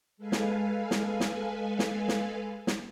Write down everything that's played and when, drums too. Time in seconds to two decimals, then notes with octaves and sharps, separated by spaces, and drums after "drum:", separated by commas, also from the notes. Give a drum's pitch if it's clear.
0.17 G#3 A4 B4 F5 G#5
0.32 drum: snare
0.91 drum: snare
1.20 drum: snare
1.79 drum: snare
2.08 drum: snare
2.67 drum: snare